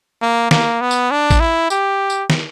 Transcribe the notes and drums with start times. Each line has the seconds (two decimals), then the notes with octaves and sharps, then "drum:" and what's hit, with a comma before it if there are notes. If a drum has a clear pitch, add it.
0.21 A#3
0.51 A#3, drum: snare
0.81 B3
0.91 drum: tambourine
1.11 D4
1.30 drum: kick A1, tambourine
1.40 E4
1.70 G4, drum: tambourine
2.10 drum: tambourine
2.30 drum: snare